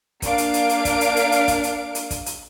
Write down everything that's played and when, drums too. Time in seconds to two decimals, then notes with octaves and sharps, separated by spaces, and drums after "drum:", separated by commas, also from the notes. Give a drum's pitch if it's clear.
0.22 A#3 D4 F5 D7, drum: kick, hi-hat
0.38 drum: hi-hat
0.54 drum: hi-hat
0.69 drum: hi-hat
0.85 drum: kick, hi-hat
1.01 drum: hi-hat
1.16 drum: hi-hat
1.32 drum: hi-hat
1.48 drum: kick, hi-hat
1.63 drum: hi-hat
1.95 drum: hi-hat
2.11 drum: kick, hi-hat
2.26 drum: hi-hat